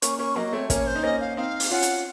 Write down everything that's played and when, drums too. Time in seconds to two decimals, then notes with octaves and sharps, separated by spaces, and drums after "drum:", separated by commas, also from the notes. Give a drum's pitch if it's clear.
0.02 A#3 C#4 C#6, drum: hi-hat
0.19 A#3 C#4 C#6
0.36 F#3 A#3 D#5
0.52 A3 C4 C#5
0.70 A#3 C#4 C#5, drum: kick, hi-hat
0.87 C5
0.96 D#4
1.03 A#3 C#4 D#5
1.20 F5
1.37 C4 D#4 F5
1.60 drum: open hi-hat
1.71 C#4 F4 F#5
1.82 drum: hi-hat